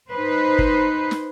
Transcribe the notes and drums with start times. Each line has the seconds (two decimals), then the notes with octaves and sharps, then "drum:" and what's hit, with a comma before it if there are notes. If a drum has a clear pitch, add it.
0.10 D#4 B4 C5
0.59 drum: kick
1.11 drum: snare